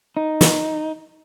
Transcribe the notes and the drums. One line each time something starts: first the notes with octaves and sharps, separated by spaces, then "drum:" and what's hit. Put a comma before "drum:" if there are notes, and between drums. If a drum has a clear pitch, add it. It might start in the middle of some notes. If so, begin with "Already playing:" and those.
D#4
drum: snare